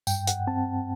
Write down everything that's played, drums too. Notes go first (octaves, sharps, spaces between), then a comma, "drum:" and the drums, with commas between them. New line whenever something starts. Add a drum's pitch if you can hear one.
G2 G5, drum: tambourine
F#5, drum: hi-hat
C4 A5